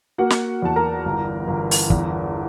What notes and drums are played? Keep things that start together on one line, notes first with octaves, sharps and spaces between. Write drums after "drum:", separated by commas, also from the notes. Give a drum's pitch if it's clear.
A#3 F#4 F#5
drum: snare
E2 A5
A#4 A#5
G1
G1
drum: open hi-hat
E2, drum: kick